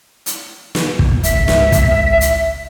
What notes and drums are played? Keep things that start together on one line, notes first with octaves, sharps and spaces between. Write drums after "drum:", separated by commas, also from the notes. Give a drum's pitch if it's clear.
drum: hi-hat
drum: snare
drum: kick
G#1 C#2 E5, drum: hi-hat
drum: snare
drum: kick, hi-hat
drum: hi-hat